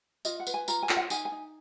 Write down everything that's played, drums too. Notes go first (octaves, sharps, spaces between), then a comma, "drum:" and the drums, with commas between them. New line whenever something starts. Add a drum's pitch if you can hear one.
F4 D#5, drum: tambourine
F#5
B4, drum: tambourine
G#5
F4 A#5, drum: tambourine
G#5
F4, drum: clap
F#5
D#4 G#5, drum: tambourine
G#5
D#4